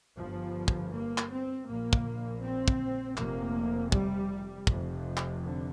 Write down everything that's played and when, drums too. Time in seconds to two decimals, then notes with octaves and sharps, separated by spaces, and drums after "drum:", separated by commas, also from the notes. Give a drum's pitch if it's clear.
0.18 G1 G2 F3
0.68 drum: kick
0.93 A#3
1.18 drum: clap
1.30 C4
1.68 A#1 A#2 A#3
1.93 drum: kick
2.43 C4
2.68 drum: kick
3.17 F1 F2 C3 A#3, drum: clap
3.92 G3, drum: kick
4.67 F1 F2 C3, drum: kick
5.17 drum: clap
5.42 D3